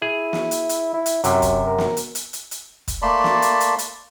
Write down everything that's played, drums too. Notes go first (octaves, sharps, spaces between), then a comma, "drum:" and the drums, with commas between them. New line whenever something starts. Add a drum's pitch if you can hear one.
E4 G#4
drum: snare
drum: hi-hat
drum: hi-hat
E4
drum: hi-hat
F#2 C3 F#3, drum: hi-hat
drum: kick, hi-hat
A#4
drum: snare
drum: hi-hat
drum: hi-hat
drum: hi-hat
drum: hi-hat
drum: kick, hi-hat
A3 A#3 D5 A5 B5 C6
drum: snare
drum: hi-hat
drum: hi-hat
drum: hi-hat